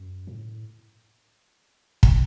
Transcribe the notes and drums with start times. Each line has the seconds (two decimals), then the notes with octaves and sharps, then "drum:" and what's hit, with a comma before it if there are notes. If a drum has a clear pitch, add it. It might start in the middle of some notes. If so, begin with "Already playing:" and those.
Already playing: F#2
0.27 A2
2.03 drum: kick